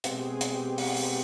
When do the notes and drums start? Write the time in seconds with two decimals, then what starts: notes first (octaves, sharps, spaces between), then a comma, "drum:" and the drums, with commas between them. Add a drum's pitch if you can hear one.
0.04 B2 G#3 C4 G4, drum: hi-hat
0.19 G4
0.29 G#4
0.41 drum: hi-hat
0.53 G4
0.78 drum: open hi-hat
0.96 drum: open hi-hat